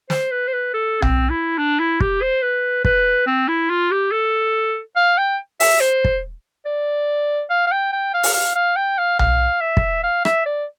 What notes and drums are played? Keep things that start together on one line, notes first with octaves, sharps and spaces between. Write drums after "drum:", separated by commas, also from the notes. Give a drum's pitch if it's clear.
C5, drum: snare
B4
C5
B4
A4
C4, drum: tom B1
E4
D4
E4
G4, drum: kick
C5
B4
B4, drum: kick
C4
E4
F4
G4
A4
F5
G5
E5, drum: open hi-hat
C5
drum: kick
D5
F5
F5
G5
G5
F5
drum: open hi-hat
F5
F5
G5
F5
F5, drum: tom B1
E5
drum: kick
F5
E5, drum: rim click
D5